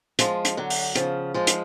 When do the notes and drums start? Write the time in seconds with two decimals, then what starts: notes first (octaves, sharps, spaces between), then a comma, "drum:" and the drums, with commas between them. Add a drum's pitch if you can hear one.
0.19 F3 G#3, drum: hi-hat
0.45 drum: hi-hat
0.57 D3 F#3
0.70 drum: open hi-hat
0.95 C#3 F3, drum: hi-hat
1.34 F3 G#3
1.47 drum: hi-hat